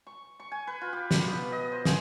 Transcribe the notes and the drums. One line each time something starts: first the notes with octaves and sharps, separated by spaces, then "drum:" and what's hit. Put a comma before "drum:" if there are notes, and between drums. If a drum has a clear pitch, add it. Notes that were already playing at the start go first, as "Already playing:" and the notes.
C#6
C#6
G#5
B4
F4
G4
B5, drum: snare
B2
D#5
C5
G#4, drum: snare